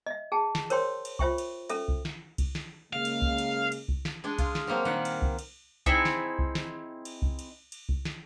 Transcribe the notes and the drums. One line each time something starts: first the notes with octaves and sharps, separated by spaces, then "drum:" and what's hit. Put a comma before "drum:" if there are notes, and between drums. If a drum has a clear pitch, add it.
D#5 E5
G#4 G5 A5
drum: snare
A#4 C5 C#5 G5 C6, drum: cymbal
drum: cymbal
F4 C5 E5 G5 C#6, drum: kick C2
drum: cymbal
C#4 A4 E5, drum: cymbal
drum: kick C2
drum: snare
drum: kick C2, cymbal
drum: snare
C#3 G#3 A#3 F5
drum: cymbal
drum: kick C2
drum: cymbal
drum: cymbal
drum: kick C2
drum: snare
G#3 D4 G#4
F4, drum: kick C2, cymbal
drum: snare
F#3 G3 A#3 C4
A#2 D#3 G3 F#5
drum: cymbal
drum: kick C2
drum: cymbal
C4 D#4 E4 G#4, drum: kick C2
drum: snare
drum: kick C2
drum: snare
drum: cymbal
drum: kick C2
drum: cymbal
drum: cymbal
drum: kick C2
drum: snare